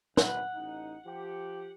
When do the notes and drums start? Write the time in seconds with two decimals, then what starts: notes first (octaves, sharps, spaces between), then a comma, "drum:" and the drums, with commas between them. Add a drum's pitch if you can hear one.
0.17 G#1 D2 B4 F#5, drum: snare
0.55 A1 D#4
1.06 F3 G4